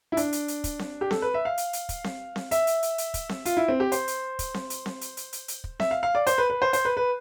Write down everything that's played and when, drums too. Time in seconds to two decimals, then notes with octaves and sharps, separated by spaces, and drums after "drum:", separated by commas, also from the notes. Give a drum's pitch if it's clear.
0.12 E4
0.17 D4, drum: hi-hat
0.32 drum: hi-hat
0.48 drum: hi-hat
0.64 drum: kick, hi-hat
0.79 drum: snare C4
1.01 G4
1.11 A4, drum: snare C4
1.22 B4
1.34 E5
1.45 F5
1.58 drum: hi-hat
1.73 drum: hi-hat
1.89 drum: kick, hi-hat
2.04 drum: snare C4
2.36 drum: snare C4
2.51 E5, drum: hi-hat
2.67 drum: hi-hat
2.83 drum: hi-hat
2.98 drum: hi-hat
3.14 drum: kick, hi-hat
3.29 drum: snare C4
3.45 F4, drum: hi-hat
3.57 E4
3.68 C4
3.80 G4
3.92 C5, drum: hi-hat
4.08 drum: hi-hat
4.39 drum: kick, hi-hat
4.54 drum: snare C4
4.70 drum: hi-hat
4.86 drum: snare C4
5.01 drum: hi-hat
5.17 drum: hi-hat
5.33 drum: hi-hat
5.48 drum: hi-hat
5.64 drum: kick
5.80 E5, drum: snare C4
5.91 F5
6.03 F5
6.15 D5
6.27 C5, drum: hi-hat
6.38 B4
6.50 B4
6.62 C5
6.73 C5, drum: hi-hat
6.85 B4
6.97 B4